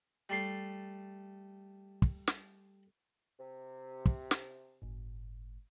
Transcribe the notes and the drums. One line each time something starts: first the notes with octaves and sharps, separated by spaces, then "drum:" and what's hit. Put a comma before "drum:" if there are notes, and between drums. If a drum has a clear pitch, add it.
G3 A3 C6
drum: kick
drum: snare
C3
drum: kick
drum: snare
G1 A2